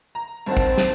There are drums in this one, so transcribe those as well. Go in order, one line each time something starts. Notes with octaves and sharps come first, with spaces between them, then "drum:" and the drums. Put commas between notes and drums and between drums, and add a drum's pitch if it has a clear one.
A#5
G2 D#3 C4 F#5 A5
drum: kick
drum: snare